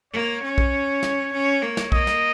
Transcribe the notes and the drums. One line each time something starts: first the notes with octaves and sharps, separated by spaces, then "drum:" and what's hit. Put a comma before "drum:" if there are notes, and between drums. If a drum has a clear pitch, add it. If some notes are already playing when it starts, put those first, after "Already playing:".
A#3 C#5
C#4
drum: kick
drum: snare
C#4
A#3
drum: snare
A#3 D#5, drum: kick
drum: snare